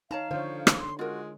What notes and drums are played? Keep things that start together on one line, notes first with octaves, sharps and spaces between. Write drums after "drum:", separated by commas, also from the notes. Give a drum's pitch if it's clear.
D#4 C#5 F5 A5 A#5
D3 F3 D4 C5 C#5
drum: rim click
C6
G#3 F4 F#4 A#4